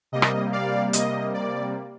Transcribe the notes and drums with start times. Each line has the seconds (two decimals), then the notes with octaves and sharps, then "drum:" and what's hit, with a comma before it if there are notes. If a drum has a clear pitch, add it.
0.12 C3 G3 A#3 D#5
0.22 drum: rim click
0.53 D5 F5
0.93 C3 G3 A#3 D#5, drum: hi-hat
1.34 D5